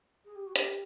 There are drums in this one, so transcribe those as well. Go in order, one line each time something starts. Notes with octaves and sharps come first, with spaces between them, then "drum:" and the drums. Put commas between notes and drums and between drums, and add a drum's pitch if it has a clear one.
G#4
G4
F#4
G4, drum: hi-hat